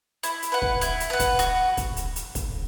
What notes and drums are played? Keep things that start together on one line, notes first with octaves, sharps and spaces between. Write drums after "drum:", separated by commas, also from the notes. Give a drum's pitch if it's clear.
E4, drum: hi-hat
drum: hi-hat
B4 F#5
drum: kick
E4, drum: hi-hat
drum: hi-hat
B4 F#5
drum: kick, hi-hat
F#4, drum: hi-hat
drum: kick, hi-hat
drum: hi-hat
drum: hi-hat
drum: kick, hi-hat